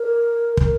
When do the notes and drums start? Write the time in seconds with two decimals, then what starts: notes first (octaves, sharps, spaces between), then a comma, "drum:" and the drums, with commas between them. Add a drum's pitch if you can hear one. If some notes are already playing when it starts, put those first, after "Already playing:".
Already playing: A#4
0.57 A#4, drum: kick